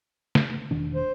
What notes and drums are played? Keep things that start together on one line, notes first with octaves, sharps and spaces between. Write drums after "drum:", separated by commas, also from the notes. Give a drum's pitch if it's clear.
drum: snare
E1 D#3 D4
C5